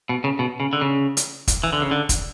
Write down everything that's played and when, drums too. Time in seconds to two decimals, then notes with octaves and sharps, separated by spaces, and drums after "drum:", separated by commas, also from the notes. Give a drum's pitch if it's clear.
0.09 B2
0.24 C#3
0.39 B2
0.60 C#3
0.73 D3
0.81 C#3
1.17 drum: hi-hat
1.48 drum: kick, hi-hat
1.64 E3
1.73 D3
1.82 C#3
1.91 D3
2.09 drum: kick, hi-hat